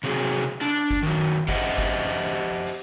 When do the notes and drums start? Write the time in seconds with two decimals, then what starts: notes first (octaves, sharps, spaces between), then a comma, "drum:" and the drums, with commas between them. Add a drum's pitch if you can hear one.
0.04 C3 F#3 C4 G#4
0.61 D4, drum: clap
0.91 drum: kick, hi-hat
1.03 D#3 F#3
1.49 G4 C5 D#5 E5 F#5, drum: kick, hi-hat
1.78 drum: kick
2.08 drum: hi-hat
2.66 drum: hi-hat